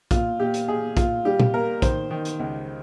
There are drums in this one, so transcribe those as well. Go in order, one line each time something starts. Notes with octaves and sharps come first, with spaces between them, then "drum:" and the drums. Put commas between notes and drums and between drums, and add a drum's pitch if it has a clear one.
A#2 F4, drum: kick, hi-hat
A#2 G4
drum: hi-hat
A#2 G#4
A#2 F4, drum: kick, hi-hat
G3 G4
drum: tom A#2
A#3 A#4
D#3 C5, drum: kick, hi-hat
D#3
drum: hi-hat
C#2